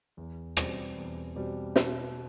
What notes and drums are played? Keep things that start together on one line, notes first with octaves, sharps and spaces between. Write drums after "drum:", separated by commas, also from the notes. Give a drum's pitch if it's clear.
E2
B2 G3 C4 G4, drum: rim click
E2
B2 G3 C4 G4
B2, drum: snare